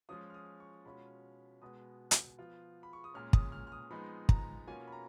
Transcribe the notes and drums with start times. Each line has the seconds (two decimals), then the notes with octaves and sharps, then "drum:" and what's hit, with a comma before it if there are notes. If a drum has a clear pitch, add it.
0.09 F3 G#3 C#4 F4 D#6
0.30 F6
0.34 D#6
0.60 C#6
0.86 B2 G#3 C#4 F4 B5
1.62 B2 G#3 B3 D#6
2.11 drum: hi-hat
2.38 F3 B3 F4
2.83 B5
2.93 C#6
3.04 D#6
3.14 A#2 G#3 C#4 F6
3.33 D#6, drum: kick
3.52 F6
3.67 F6
3.72 D#6
3.90 F3 G#3 B3 D#4 B5
4.29 A#5, drum: kick
4.67 B2 A#3 C#4 F4 G#5
4.88 B5
4.92 A#5